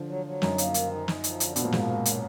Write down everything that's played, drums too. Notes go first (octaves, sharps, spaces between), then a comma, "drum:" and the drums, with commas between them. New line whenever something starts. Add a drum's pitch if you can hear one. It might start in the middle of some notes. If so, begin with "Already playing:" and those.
Already playing: D3 F3
F#3
F#3
F#2 D#4, drum: snare
A#3, drum: hi-hat
D#3, drum: hi-hat
D#4
D#4, drum: snare
F3, drum: hi-hat
D3, drum: hi-hat
B2 F3, drum: hi-hat
A#2
G#2 A#3, drum: snare
D#3
F#3, drum: hi-hat